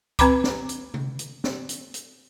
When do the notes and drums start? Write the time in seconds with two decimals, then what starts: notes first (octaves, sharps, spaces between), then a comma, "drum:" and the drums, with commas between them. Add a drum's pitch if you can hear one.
0.19 C4 B4 A#5 B5 D6, drum: kick C#2, hi-hat
0.44 drum: snare
0.69 drum: hi-hat
0.94 drum: tom C3
1.19 drum: hi-hat
1.44 drum: snare
1.69 drum: hi-hat
1.94 drum: hi-hat